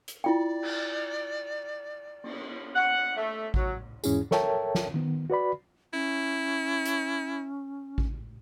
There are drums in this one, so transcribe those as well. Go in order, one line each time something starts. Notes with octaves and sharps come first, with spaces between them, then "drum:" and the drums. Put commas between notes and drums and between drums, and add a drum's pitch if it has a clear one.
drum: hi-hat
E4 F4 D5 G5
drum: cymbal
drum: cymbal
F#5
A3
F#3, drum: kick A1
E2 G#2 C#4 E4 G#4, drum: tambourine
A4 A#4 C#5 E5 G5 A5, drum: snare
drum: snare
D#3 B3
F#4 B4 D5 B5
C#4 E4
drum: hi-hat
drum: kick A1